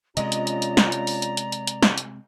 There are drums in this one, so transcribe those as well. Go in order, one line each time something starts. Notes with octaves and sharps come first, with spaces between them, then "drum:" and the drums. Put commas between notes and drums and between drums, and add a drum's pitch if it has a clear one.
C3 G#3 C#4 F4 D5 D#5 A#5, drum: hi-hat
drum: hi-hat
drum: hi-hat
drum: hi-hat
drum: snare
drum: hi-hat
drum: open hi-hat
drum: hi-hat
drum: hi-hat
drum: hi-hat
drum: hi-hat
drum: snare
drum: hi-hat